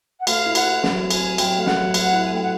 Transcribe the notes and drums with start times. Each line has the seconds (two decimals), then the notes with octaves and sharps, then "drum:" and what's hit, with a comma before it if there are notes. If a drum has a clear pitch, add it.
0.19 F#5
0.27 A3 F5, drum: cymbal
0.46 E4
0.55 F#5, drum: cymbal
0.64 E4
0.83 F#3, drum: snare
1.01 C4
1.11 G#5, drum: cymbal
1.20 C4
1.38 F#3 G5, drum: cymbal
1.57 A3 F5
1.66 F#5, drum: snare
1.76 F#3
1.94 F#3, drum: cymbal
2.13 E4
2.25 G#5
2.32 A3 G5
2.42 F#5